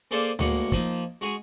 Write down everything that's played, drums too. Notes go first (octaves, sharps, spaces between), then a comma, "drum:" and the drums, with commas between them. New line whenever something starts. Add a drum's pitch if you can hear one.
A#3 G#4 A4 C5 D5 F5
D2 A2 G#3 A#3 F#5, drum: tom D2
F3 A#3 D#4, drum: kick
G#3 F#4 G#4